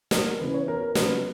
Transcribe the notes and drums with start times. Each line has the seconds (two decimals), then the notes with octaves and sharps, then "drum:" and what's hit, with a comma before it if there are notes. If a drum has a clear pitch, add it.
0.11 A#4, drum: snare
0.39 C#3 E3 B3 B4
0.54 C#5
0.68 A#4
0.81 A#4
0.95 C#3 F#3 B3 B4, drum: snare